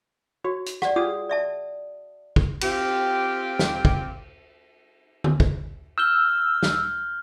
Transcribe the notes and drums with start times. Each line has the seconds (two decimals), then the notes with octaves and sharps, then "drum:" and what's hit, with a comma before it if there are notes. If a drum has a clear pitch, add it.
0.44 F#4 C#5
0.66 drum: hi-hat
0.82 D5 F#5, drum: rim click
0.96 F4 G4 G#4 D#6
1.30 D5 E5 A5
2.36 drum: kick
2.61 C4 F4 G4, drum: cymbal
3.59 drum: snare
3.85 drum: kick
5.24 drum: tom D3
5.40 drum: kick
5.98 E6 F6 G6 G7
6.63 drum: snare